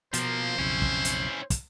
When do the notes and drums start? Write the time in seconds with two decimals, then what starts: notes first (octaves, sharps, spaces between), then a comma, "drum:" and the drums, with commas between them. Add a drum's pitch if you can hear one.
0.13 B2 F3 A#3 C5, drum: hi-hat
0.59 B1 F2 C#3 C#4 E4
0.82 drum: kick
1.05 drum: hi-hat
1.50 drum: kick, hi-hat